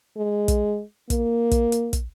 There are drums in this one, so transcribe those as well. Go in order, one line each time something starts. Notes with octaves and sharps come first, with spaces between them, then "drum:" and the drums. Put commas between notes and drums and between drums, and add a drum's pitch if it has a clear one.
G#3
drum: kick, hi-hat
A#3, drum: kick, hi-hat
drum: kick, hi-hat
drum: hi-hat
drum: kick, hi-hat